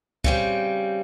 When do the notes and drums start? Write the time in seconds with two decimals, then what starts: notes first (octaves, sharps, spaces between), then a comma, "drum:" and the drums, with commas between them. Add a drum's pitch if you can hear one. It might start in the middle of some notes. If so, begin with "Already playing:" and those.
0.24 C#3 G3 C4, drum: kick